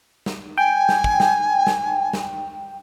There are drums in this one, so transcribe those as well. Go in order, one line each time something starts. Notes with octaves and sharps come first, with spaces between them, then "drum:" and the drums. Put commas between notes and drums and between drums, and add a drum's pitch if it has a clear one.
drum: snare
G5 G#5
drum: snare
drum: kick
drum: snare
drum: snare
drum: snare